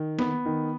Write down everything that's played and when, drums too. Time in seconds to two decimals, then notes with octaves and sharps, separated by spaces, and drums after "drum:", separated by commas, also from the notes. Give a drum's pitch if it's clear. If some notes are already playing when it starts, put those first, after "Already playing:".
Already playing: D#3
0.19 B3, drum: snare
0.45 D#3